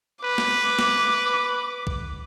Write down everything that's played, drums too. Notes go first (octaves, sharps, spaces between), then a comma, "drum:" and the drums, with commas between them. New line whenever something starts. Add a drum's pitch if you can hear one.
B4 D6
drum: snare
drum: snare
drum: kick